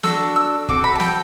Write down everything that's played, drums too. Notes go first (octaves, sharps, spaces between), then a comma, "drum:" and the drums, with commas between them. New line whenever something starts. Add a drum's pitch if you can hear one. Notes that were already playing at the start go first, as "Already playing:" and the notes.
D4 F#4 A4 E6, drum: snare
E6
C4 F#4 A4 D6, drum: kick
B5
A5
G5, drum: snare